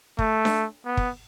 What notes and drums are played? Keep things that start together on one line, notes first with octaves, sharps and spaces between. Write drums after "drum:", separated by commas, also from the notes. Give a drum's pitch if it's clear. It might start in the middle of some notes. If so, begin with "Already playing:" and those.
A3, drum: kick
drum: snare D4
B3
drum: kick